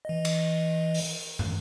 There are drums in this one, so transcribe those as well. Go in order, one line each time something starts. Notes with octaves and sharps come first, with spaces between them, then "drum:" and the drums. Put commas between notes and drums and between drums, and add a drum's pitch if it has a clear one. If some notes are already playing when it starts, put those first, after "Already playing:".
E3 D#5
drum: cymbal
drum: open hi-hat
drum: tom